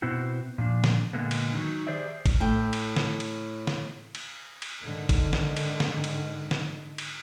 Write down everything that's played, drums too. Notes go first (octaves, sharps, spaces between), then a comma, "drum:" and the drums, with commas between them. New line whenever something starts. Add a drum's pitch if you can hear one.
B2 B3 C4 E4 F#4
A#2 F3 D4
drum: snare
A#2 D3 G#3 A#3 B3
drum: cymbal
D#3 F#3 D#4
G4 G#4 A#4 C5 D5 E5
drum: kick G#1, cymbal
A2 G5
drum: cymbal
drum: snare
drum: cymbal
drum: snare
drum: cymbal
drum: cymbal
G#2 D3 D#3
drum: kick G#1, cymbal
drum: snare
drum: cymbal
drum: snare
drum: cymbal
drum: snare
drum: cymbal